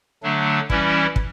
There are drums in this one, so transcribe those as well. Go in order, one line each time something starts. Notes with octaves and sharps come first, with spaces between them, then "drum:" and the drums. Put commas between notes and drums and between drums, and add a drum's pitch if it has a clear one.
D3 F#3 A3 D4
E3 G3 C#4 E4, drum: kick
drum: kick